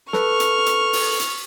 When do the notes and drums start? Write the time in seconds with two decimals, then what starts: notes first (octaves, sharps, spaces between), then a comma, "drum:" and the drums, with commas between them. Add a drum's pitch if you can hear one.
0.13 A4 B4 C#6 F6, drum: snare
0.40 drum: hi-hat
0.66 drum: hi-hat
0.93 drum: open hi-hat
1.19 drum: hi-hat